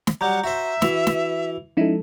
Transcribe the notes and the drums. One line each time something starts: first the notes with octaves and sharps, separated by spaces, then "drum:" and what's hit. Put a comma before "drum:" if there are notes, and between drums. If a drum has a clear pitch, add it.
drum: snare
F#3 G3 F#5 A#5 G6
F#4 C5 E5
E3 F#4 B4 E6, drum: snare
drum: snare
F3 G#3 C#4 D#4 E4 A4